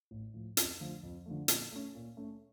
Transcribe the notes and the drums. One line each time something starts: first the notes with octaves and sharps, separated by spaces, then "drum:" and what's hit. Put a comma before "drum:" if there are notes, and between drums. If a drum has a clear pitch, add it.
A1
A2 F3
F2, drum: hi-hat
D3 F3 A3
F2
D3 F3 A3
A#2, drum: hi-hat
A3 C#4
A#2
A3 C#4